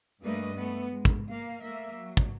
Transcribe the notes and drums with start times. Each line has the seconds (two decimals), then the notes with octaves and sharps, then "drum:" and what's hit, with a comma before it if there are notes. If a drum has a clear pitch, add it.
0.21 G2 G3 A3 A#3 B4 D#5
0.56 A3 B3
0.91 G#3
1.05 drum: kick
1.28 A#3 F5
1.62 A3 A#3 E5
1.94 F#3
2.17 drum: kick